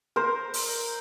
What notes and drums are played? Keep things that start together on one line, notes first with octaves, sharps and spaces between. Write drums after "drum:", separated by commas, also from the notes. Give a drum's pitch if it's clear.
A#4 C5
drum: open hi-hat